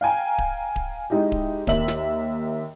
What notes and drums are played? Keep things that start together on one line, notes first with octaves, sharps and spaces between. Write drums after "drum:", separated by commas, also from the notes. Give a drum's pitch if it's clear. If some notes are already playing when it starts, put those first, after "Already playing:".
F5 G5 G#5 A#5
drum: kick D1
drum: kick D1
G#3 D#4 E4 G4
drum: kick D1
D#2 A#4 E5 F#7, drum: kick D1
drum: snare